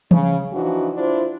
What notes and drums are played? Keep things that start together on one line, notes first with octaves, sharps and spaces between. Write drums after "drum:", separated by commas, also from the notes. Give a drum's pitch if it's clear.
C#3, drum: tom E3
E3 F3 D4 D#4 F#4
D4 E4 F4 C5